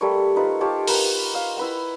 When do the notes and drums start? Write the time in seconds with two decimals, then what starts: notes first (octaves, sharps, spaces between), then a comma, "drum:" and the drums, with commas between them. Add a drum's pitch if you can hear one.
0.01 G3 A3 A#3 C#5
0.36 D#4 F4 B4
0.61 F4 G4 C#5 A5
0.87 A#4 B4, drum: open hi-hat
1.34 C5 F5
1.57 E4 B4 F#5